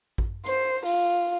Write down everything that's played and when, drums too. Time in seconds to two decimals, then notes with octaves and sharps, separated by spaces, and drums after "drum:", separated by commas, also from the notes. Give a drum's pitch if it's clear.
0.18 drum: kick A1
0.46 C5, drum: hi-hat
0.85 F4, drum: open hi-hat